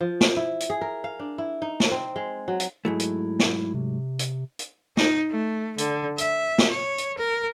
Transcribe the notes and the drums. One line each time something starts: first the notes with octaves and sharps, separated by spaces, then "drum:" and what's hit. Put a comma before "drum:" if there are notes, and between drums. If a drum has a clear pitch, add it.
F3
drum: snare
E4
drum: hi-hat
G#4
A#4
F5
D4
E4
D#4
drum: snare
C4
G#3
F#3
drum: hi-hat
G#2 F#3 A3 E4
drum: hi-hat
drum: snare
C3
drum: hi-hat
drum: hi-hat
D#4, drum: snare
A3
D3, drum: hi-hat
E5, drum: hi-hat
drum: snare
C#5
drum: hi-hat
A#4